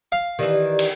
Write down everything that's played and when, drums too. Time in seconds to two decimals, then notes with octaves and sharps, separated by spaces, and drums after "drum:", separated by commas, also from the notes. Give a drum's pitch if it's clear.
0.12 F5
0.39 D#3 E3 G4 D5
0.79 drum: cymbal